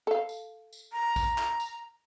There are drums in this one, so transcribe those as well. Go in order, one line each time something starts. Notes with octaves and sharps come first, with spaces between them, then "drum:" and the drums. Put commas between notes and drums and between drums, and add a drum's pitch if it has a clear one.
A4 F5
drum: tambourine
drum: tambourine
A#5
drum: kick A#1, tambourine
drum: clap
drum: tambourine